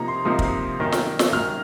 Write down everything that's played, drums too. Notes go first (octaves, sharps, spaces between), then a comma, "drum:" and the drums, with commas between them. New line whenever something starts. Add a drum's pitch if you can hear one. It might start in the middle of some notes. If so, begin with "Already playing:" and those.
Already playing: C3 F3 A#3 D#4 A#5
C6
C3 F3 A#3 D#4
drum: kick
F#2 D#3 A#3
drum: snare
drum: snare
F#2 D#3 A#3 F6